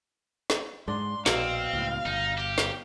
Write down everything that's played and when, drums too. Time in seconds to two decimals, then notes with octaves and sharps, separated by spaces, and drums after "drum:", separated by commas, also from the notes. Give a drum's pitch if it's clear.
0.50 drum: snare
0.88 G#2 G#3 D4 C6
1.26 A#1 B2 C4 F5, drum: snare
1.73 C#2 A2
2.06 G1 D#4
2.38 G4
2.58 drum: snare